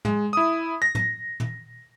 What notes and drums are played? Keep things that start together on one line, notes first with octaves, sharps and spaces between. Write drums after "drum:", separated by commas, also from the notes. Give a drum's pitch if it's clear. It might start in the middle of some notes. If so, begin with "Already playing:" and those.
G#3, drum: tom
E4 D#6
A#6
drum: tom
drum: tom